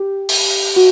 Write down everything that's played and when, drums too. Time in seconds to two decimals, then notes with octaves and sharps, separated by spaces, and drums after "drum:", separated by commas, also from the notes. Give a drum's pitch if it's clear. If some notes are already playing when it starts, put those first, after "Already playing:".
Already playing: G4
0.29 drum: open hi-hat
0.76 F#4